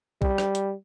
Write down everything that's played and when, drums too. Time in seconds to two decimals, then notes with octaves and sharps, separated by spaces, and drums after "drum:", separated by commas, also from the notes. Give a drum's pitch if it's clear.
0.22 G3, drum: kick
0.38 drum: rim click
0.55 drum: hi-hat